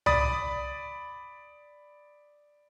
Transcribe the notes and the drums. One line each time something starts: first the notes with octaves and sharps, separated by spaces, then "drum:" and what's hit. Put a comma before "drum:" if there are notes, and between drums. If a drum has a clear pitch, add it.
D5 B5 D#6 A6, drum: tom C2